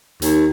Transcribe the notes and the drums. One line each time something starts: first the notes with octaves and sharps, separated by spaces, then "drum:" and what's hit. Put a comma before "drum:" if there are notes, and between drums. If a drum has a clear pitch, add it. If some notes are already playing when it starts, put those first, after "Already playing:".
D#2, drum: hi-hat